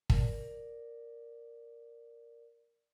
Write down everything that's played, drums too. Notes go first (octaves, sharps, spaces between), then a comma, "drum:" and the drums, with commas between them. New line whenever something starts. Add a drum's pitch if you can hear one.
A#4 D5, drum: kick